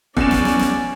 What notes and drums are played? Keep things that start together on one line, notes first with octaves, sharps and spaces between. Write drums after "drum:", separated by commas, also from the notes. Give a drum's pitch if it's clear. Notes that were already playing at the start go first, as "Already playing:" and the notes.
E2 C#3 C#4 D5 E7, drum: kick F1
drum: snare
drum: snare
drum: snare